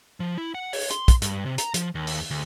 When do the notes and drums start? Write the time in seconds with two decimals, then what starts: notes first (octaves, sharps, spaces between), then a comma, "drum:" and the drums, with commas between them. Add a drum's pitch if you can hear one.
0.20 F3
0.38 E4
0.55 F#5
0.73 C#5, drum: open hi-hat
0.91 C6, drum: hi-hat
1.08 drum: kick, hi-hat
1.22 G2, drum: hi-hat
1.46 C3
1.58 A#5, drum: hi-hat
1.74 F3, drum: hi-hat
1.95 D#2
2.07 drum: open hi-hat
2.30 D2